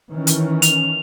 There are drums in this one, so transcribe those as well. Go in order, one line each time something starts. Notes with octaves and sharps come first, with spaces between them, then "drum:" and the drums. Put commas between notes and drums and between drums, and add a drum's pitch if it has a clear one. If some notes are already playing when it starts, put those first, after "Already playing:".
D#3 E3 C#4
drum: hi-hat
F7, drum: hi-hat